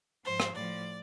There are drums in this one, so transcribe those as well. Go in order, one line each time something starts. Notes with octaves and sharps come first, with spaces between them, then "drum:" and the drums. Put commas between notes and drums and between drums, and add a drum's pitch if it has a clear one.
G#2 F3 C5
drum: rim click
A2 F3 D5